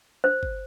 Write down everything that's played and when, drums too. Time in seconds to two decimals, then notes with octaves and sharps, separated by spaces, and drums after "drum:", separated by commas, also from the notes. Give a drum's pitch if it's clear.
0.24 C5
0.43 drum: kick G1